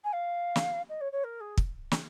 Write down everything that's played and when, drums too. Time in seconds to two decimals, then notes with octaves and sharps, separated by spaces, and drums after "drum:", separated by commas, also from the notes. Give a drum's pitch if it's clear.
0.04 G#5
0.13 F5
0.56 drum: snare
0.89 D#5
1.01 C#5
1.12 C#5
1.24 A#4
1.41 G#4
1.58 drum: kick
1.91 drum: snare